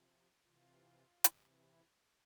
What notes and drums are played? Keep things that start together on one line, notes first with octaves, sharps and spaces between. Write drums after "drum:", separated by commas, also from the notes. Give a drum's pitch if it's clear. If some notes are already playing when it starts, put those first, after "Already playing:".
Already playing: C3 F3
C3 E3 F4
C3
E3, drum: hi-hat
E4